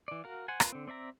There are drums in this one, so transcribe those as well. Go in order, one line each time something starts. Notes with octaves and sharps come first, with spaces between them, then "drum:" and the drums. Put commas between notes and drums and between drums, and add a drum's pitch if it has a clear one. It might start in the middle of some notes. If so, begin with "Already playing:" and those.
E3 D5
F#4 A#4 F5
C5 F#5 G#5
F4 A#4 B4, drum: rim click
D3 C4
C4 D5 E5 A#5